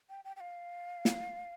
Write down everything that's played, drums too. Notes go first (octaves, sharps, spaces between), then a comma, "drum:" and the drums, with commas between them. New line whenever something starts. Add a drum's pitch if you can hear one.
G5
G5
G5
F5
drum: snare